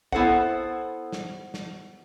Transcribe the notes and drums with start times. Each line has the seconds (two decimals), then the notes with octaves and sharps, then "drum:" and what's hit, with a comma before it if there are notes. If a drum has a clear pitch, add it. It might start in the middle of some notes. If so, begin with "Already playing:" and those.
0.12 B3 E4 A4 C5 F#5, drum: kick
1.13 drum: snare
1.54 drum: snare